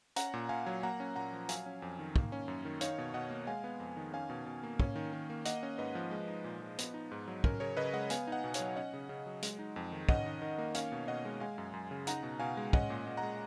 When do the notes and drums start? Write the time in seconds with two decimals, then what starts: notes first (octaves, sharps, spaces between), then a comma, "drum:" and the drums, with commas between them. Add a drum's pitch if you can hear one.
0.16 C#4 F#5 A#5, drum: hi-hat
0.34 A#2
0.49 A#2 F5 G#5
0.66 F#3
0.83 A#3 F#5 A#5
1.00 C#4
1.15 A#2 F#5 A#5
1.33 F3
1.49 F#3 F5 G#5, drum: hi-hat
1.66 C#4
1.82 F2
1.99 D#3
2.16 A#3, drum: kick
2.32 C#4
2.48 F#2
2.65 D#3
2.81 D#4 C#5 F5, drum: hi-hat
2.98 B2
3.14 B2 D#5 F#5
3.30 A#3
3.47 G#3 F5 G#5
3.64 B3
3.80 F2
3.97 D#3
4.13 C#4 F5 G#5
4.30 B2
4.46 B2
4.63 A#3
4.80 C#4, drum: kick
4.96 D#3
5.13 D#3
5.30 A#3
5.45 A#3 D#5 F#5, drum: hi-hat
5.63 C#4
5.78 G#2 B4 D#5
5.95 F3
6.11 G#3
6.28 D#4
6.44 A#2
6.61 F3
6.79 B3, drum: hi-hat
6.94 D#4
7.11 G#2
7.28 F#3
7.44 C#4 A#4, drum: kick
7.60 C#3 A#4 C#5
7.77 C#3 B4 D#5
7.93 G#3 D#5 F#5
8.10 B3 F5 G#5, drum: hi-hat
8.27 D#4 D#5 F#5
8.44 B2
8.54 C#5 F5, drum: hi-hat
8.60 F#3
8.76 C#4 D#5 F#5
8.94 C#3
9.09 C#3
9.26 F#3
9.43 G#3, drum: hi-hat
9.59 D#4
9.76 F2
9.92 D#3
10.09 C#4 D#5 F#5, drum: kick
10.26 D#3
10.42 D#3
10.58 A#3
10.74 C#4 C#5 F5, drum: hi-hat
10.92 B2
11.08 B2 D#5 F#5
11.25 G#3
11.40 G#3 F5 G#5
11.58 F#2
11.74 F#2
11.91 C#3
12.07 D#4 F#5 A#5, drum: hi-hat
12.23 B2
12.40 B2 F5 G#5
12.57 G#3
12.73 C#4 D#5 F#5, drum: kick
12.90 A#2
13.07 A#2
13.17 F#5 A#5
13.23 G#3